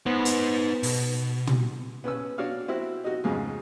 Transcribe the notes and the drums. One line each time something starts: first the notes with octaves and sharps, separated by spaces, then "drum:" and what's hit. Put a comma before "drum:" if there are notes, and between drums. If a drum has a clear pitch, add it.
B3 D#4 C5
drum: hi-hat
B2, drum: open hi-hat
drum: tom
B3 C#4 B4 E6
D4 F#4 C#5 F5
C4 E4 F#4
D#4 F#4
F2 G#2 C#3